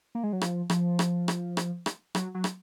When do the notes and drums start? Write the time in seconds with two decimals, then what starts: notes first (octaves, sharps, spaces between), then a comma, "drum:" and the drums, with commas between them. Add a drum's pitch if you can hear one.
0.15 A#3
0.24 G#3
0.33 F#3
0.41 F3, drum: rim click
0.70 F3, drum: rim click
0.99 drum: rim click
1.28 drum: rim click
1.57 drum: rim click
1.86 drum: rim click
2.15 F#3, drum: rim click
2.35 F#3
2.44 drum: rim click